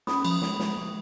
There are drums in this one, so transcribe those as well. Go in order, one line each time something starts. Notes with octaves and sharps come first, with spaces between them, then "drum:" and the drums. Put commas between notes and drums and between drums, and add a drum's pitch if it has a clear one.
C#4 B5 D#6, drum: snare
F3, drum: cymbal
G#3, drum: snare
F3, drum: snare
G#3